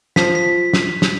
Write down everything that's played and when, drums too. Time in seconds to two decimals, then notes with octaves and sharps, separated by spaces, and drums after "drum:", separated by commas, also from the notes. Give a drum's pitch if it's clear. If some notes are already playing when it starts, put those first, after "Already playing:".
0.16 F3 B6, drum: snare
0.35 B6
0.73 drum: snare
1.02 drum: snare